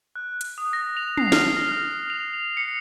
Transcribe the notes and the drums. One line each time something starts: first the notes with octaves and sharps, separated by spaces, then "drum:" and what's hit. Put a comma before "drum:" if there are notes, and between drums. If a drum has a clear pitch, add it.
F#6
drum: hi-hat
D#6
A#6
F7
C7, drum: tom
F6, drum: snare
A#6
F6
F7
C#7